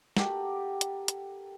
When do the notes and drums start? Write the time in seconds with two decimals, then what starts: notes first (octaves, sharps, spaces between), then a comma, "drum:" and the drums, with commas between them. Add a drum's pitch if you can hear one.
0.17 G4 A4 A#4 F#5, drum: snare
0.81 drum: hi-hat
1.08 drum: hi-hat